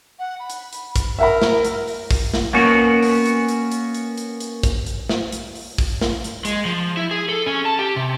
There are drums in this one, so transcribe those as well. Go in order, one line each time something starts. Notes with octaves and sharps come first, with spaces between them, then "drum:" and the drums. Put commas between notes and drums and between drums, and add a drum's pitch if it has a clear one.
F#5
B5
drum: hi-hat
drum: hi-hat
drum: kick, hi-hat
A#4 E5 F#5 B5
drum: snare
drum: hi-hat
drum: open hi-hat
drum: kick, open hi-hat
drum: snare
A#3 B3 C#4 F#4
drum: open hi-hat
drum: hi-hat
drum: hi-hat
drum: hi-hat
drum: hi-hat
drum: hi-hat
drum: hi-hat
drum: kick, hi-hat
drum: hi-hat
drum: snare
drum: hi-hat
drum: open hi-hat
drum: kick, open hi-hat
drum: snare
drum: hi-hat
G#3, drum: hi-hat
F3
E4
G#4
A4
C#4
A5
G4
C3